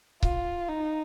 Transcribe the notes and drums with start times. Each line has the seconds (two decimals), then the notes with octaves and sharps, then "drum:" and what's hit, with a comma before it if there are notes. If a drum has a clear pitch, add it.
0.23 F4, drum: kick C#1
0.69 D#4